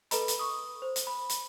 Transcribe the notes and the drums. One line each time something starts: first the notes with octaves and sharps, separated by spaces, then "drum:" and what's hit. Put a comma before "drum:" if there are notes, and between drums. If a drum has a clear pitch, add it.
A4 B4 D#5 A#5 B5, drum: hi-hat
drum: hi-hat
C#6 D#6
C5
drum: hi-hat
B5
drum: hi-hat